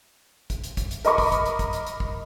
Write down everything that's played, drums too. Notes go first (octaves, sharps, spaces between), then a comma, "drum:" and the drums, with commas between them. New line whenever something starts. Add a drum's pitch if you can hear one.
drum: kick, hi-hat
drum: hi-hat
drum: kick, hi-hat
drum: hi-hat
A#4 D#5 B5 C#6 D6, drum: hi-hat
drum: kick, open hi-hat
drum: kick, hi-hat
drum: hi-hat
drum: kick, hi-hat
drum: hi-hat
drum: hi-hat
drum: kick